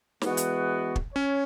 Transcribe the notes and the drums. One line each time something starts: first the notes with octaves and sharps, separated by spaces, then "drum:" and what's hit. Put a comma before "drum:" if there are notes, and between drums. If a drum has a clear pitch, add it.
E3 G#3 B3 F#4, drum: snare
drum: hi-hat
drum: kick
C#4 C#5